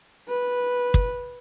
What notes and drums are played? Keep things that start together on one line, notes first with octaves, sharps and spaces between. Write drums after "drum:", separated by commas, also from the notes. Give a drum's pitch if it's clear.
B4
drum: kick